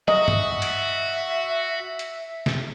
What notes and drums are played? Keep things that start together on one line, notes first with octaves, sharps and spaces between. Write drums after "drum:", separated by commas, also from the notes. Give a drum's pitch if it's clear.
F#4 D#5 E5, drum: tom
drum: tom G2
drum: cymbal
drum: hi-hat
drum: snare